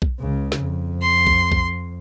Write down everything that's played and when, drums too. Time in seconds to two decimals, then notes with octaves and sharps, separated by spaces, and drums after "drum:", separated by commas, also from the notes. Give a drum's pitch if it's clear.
0.02 drum: kick B1
0.20 C#2 C#3
0.52 drum: snare
0.61 F2
1.02 C6
1.27 drum: kick B1
1.52 drum: kick B1